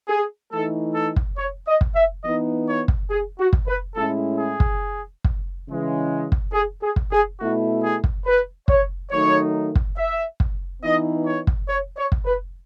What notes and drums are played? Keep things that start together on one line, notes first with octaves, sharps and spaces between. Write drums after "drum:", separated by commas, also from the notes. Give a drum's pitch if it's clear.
G#4
E3 A3 D#4 A4
A4
drum: kick
C#5
D#5
drum: kick
E5
E3 B3 D#4 D#5
C#5
drum: kick
G#4
F#4
drum: kick
B4
A2 G#3 C#4 E4 A4
G#4
drum: kick
drum: kick
C#3 E3 G#3
drum: kick
G#4
G#4
drum: kick
G#4
B2 A3 E4 F#4
G#4
drum: kick
B4
C#5, drum: kick
D#3 F#3 A3 D#4 C#5
drum: kick
E5
drum: kick
E3 B3 D#4 D#5
C#5
drum: kick
C#5
C#5
drum: kick
B4